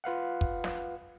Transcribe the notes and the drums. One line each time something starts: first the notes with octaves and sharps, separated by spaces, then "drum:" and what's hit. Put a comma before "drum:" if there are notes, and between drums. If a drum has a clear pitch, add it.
F4 B4 F5 F#5
drum: kick
drum: snare